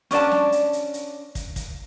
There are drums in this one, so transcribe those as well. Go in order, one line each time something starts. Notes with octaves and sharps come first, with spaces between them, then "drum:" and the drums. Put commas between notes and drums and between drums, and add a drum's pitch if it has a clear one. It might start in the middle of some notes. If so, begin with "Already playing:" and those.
C#4 D4 D5 A5, drum: hi-hat
drum: snare
drum: hi-hat
drum: hi-hat
drum: hi-hat
drum: kick, hi-hat
drum: kick, hi-hat